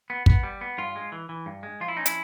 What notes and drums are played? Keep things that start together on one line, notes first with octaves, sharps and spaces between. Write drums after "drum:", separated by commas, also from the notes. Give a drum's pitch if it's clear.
B3
B3, drum: kick
G3
B3
G2 F4
G#3
E3
E3
G2
G#3
F3 F4
E4
C#4 D#4
E4, drum: hi-hat